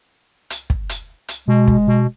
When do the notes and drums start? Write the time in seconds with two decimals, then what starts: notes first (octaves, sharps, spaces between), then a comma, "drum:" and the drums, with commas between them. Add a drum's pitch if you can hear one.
0.50 drum: hi-hat
0.70 drum: kick
0.89 drum: hi-hat
1.28 drum: hi-hat
1.48 B2 G#3
1.68 drum: kick
1.88 B2